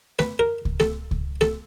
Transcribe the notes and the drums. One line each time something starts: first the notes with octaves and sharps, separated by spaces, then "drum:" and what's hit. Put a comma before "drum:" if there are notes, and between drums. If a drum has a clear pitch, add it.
B4, drum: snare A3
A#4
drum: kick C#2
A4, drum: snare A3
drum: kick C#2
A4, drum: snare A3